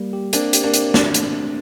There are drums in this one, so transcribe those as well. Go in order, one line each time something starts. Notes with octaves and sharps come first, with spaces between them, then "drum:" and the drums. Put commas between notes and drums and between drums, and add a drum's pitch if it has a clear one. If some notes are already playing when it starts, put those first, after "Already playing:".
Already playing: G3 A#3
G4
A#3 C4 D4, drum: hi-hat
G4, drum: hi-hat
A#3 D4
C4, drum: hi-hat
A3 A#3 D4, drum: snare
drum: hi-hat